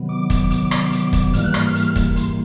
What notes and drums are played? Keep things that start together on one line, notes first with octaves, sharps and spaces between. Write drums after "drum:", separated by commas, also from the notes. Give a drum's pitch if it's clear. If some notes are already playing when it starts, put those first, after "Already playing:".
Already playing: C3 D#3 F#3 B3
D6
drum: kick, hi-hat
drum: hi-hat
drum: rim click
drum: hi-hat
drum: kick, hi-hat
G#2 E3 G3 A#3 F6, drum: hi-hat
F#6
F6, drum: rim click
drum: hi-hat
drum: kick, hi-hat
C6, drum: hi-hat